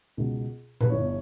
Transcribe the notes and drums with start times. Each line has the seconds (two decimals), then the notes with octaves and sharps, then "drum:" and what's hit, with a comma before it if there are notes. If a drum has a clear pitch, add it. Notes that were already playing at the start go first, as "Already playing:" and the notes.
0.17 C#2 B2
0.81 B4, drum: tom A#2
0.89 G1 G2 E3 C#5